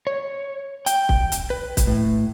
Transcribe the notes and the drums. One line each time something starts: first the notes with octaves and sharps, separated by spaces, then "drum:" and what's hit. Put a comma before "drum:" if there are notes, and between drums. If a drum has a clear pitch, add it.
C#5
G5, drum: hi-hat
drum: kick
drum: hi-hat
B4
drum: kick, hi-hat
A2